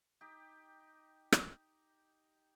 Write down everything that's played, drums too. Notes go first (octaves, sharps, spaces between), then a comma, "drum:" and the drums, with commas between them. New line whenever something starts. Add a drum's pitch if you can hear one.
D#4 G4
drum: rim click